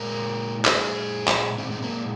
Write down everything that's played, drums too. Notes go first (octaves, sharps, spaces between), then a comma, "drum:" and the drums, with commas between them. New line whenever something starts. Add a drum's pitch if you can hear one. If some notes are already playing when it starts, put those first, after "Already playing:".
Already playing: A#2 G#3 A#4
G#4, drum: clap
drum: clap
A#2 G#3 C4
C4
A#3